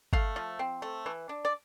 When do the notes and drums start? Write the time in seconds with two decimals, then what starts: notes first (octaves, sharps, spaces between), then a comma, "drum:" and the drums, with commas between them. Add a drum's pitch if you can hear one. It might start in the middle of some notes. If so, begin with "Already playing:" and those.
0.13 A3 F5, drum: kick G1
0.36 F3
0.59 C4
0.82 A3
1.06 E3
1.29 D4
1.45 D5